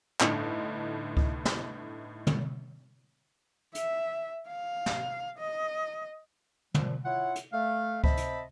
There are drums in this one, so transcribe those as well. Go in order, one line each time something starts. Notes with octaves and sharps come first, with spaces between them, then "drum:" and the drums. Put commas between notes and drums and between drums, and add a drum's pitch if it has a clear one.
G1 A2 D3 D#4, drum: clap
drum: kick C#2
drum: snare
drum: tom
E5, drum: hi-hat
F5
drum: snare
D#5
A#2 F3, drum: tom
E4 F4 C#5 F#5
drum: hi-hat
A3 F5
C4 C5 D#5 E5 A5 B5, drum: kick C#2
drum: hi-hat